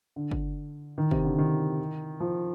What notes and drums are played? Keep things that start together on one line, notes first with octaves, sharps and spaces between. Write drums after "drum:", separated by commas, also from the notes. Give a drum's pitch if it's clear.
D3
drum: kick
D#3
C3, drum: kick
D3
D#3
F3